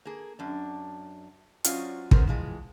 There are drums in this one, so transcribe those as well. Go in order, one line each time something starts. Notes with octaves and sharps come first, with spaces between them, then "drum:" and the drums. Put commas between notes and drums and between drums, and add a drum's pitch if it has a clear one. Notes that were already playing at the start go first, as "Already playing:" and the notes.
A#3 G#4
F#2 D4
F#3 C#4 F4 C5 D5 D#5, drum: hi-hat
B3 C#4 G#4 A#4 C5, drum: kick
E3 F3 G#3